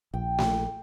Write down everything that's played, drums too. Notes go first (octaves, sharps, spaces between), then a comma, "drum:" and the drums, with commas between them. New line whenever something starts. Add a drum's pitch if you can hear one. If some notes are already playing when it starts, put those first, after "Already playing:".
A#1 G5
drum: snare A3